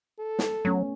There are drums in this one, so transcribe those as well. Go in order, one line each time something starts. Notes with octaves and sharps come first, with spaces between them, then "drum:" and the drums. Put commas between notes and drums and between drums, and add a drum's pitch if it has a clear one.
A4
drum: snare
F#3 A3 B3 C#4